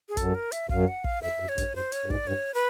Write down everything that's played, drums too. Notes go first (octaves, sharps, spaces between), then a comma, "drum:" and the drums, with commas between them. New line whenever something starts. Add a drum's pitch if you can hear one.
G#4
F#2 A4, drum: kick, hi-hat
A#4
E5, drum: hi-hat
F#2 F5, drum: kick
F#5
F5, drum: kick
F2 E5
F#2
C#5
G2, drum: kick, hi-hat
F#2 C5
C#5, drum: hi-hat
G2
G#2 D5, drum: kick
G2 C#5
B4